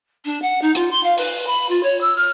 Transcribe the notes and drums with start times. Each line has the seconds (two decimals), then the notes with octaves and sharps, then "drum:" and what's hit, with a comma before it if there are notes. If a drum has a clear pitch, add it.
0.25 D4
0.42 F#5
0.62 D#4
0.75 F4, drum: hi-hat
0.91 C6
1.03 F5
1.18 B4, drum: open hi-hat
1.47 B5
1.69 F4
1.83 C#5
2.01 E6
2.16 F6